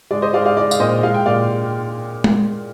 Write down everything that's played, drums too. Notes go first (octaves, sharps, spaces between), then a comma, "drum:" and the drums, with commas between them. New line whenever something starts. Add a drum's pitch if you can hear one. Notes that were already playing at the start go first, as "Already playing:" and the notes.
G#3 D5
C5 D#5
G#3 D5 F5
D5 F5
G#3 D5
F5, drum: tambourine
A#2 C5 D#5
G#3 F5
G5
A#2 D5 F5
drum: tom